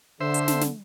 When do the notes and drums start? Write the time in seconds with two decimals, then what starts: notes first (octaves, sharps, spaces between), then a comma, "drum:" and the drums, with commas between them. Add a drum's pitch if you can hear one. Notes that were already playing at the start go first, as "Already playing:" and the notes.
0.21 D3 C5 E5
0.34 drum: hi-hat
0.48 drum: snare
0.61 drum: snare